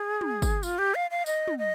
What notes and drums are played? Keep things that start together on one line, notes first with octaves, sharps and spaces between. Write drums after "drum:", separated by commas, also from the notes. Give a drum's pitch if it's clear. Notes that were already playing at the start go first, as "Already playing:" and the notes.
Already playing: G#4
drum: tom
drum: kick, tambourine
F4, drum: tambourine
G4
F5
F5
D#5, drum: tambourine
drum: tom
D#5